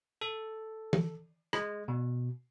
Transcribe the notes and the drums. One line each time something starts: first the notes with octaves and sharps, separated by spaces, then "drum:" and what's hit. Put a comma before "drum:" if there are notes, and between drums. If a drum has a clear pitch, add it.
A4
drum: tom
G#3, drum: rim click
B2